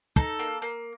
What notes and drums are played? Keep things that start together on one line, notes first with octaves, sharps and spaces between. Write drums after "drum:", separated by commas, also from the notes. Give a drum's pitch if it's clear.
D#4 A4, drum: kick
A#3
A#3